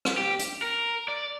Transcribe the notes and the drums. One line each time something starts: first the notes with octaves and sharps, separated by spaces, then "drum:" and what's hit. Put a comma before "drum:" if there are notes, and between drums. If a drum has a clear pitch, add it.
drum: rim click
G4
drum: hi-hat
A#4
D5